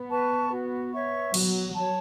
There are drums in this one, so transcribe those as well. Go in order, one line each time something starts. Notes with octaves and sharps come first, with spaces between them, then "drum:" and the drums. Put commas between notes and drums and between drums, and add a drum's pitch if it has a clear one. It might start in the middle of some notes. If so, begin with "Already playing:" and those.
Already playing: B3
B4 A5 C#6
F#4
C#5 E5 C#6
F#3 F#4, drum: cymbal
C#5 A5